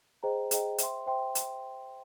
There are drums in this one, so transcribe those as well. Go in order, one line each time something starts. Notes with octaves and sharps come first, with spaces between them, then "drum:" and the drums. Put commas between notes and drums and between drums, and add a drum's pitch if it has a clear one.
G#4 C5 D#5 G5 A#5
G#4 C5 D#5 G5 A#5, drum: hi-hat
C5 E5 G5 C6, drum: hi-hat
C5 E5 G5 C6
drum: hi-hat